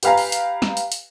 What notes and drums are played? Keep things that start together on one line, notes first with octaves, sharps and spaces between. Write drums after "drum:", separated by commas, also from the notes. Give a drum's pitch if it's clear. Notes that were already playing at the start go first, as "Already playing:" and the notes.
G4 B4 F5 G#5 A#5, drum: hi-hat
drum: open hi-hat
drum: hi-hat
drum: snare
drum: hi-hat
drum: hi-hat